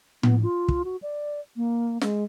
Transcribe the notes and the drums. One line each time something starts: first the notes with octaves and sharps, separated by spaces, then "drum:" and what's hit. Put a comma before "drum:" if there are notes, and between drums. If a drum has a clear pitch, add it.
B3, drum: tom A2
F4
drum: kick
F#4
D5
A#3
G#3, drum: snare